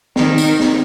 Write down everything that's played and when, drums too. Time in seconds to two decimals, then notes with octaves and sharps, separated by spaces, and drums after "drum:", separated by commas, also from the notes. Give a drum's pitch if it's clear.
0.16 D#3, drum: snare C4
0.38 drum: tambourine
0.60 drum: snare C4